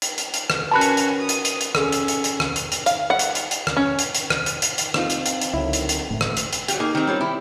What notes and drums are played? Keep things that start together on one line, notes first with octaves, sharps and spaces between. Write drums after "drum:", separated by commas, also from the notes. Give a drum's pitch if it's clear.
drum: hi-hat
drum: hi-hat
drum: hi-hat
drum: rim click
C#4 F#4 A#4 B4 A5 B5 F#6
drum: hi-hat
drum: hi-hat
D#6
drum: hi-hat
drum: hi-hat
drum: hi-hat
C#4 G#4 A4 E6, drum: rim click
drum: hi-hat
drum: hi-hat
drum: hi-hat
drum: rim click
drum: hi-hat
drum: hi-hat
F5, drum: hi-hat
F#5
drum: hi-hat
drum: hi-hat
drum: hi-hat
drum: rim click
C#4
drum: hi-hat
drum: hi-hat
drum: rim click
drum: hi-hat
drum: hi-hat
drum: hi-hat
C4 D#4 F4, drum: rim click
drum: hi-hat
drum: hi-hat
drum: hi-hat
C#2 D3 D#3 F#3 E4
drum: hi-hat
drum: hi-hat
F#1 A2 A3
drum: rim click
drum: hi-hat
drum: hi-hat
F#3 F4 G4, drum: hi-hat
A#3 D#4 G#4
D#3 C4
G3 C#4 F4
E4 G4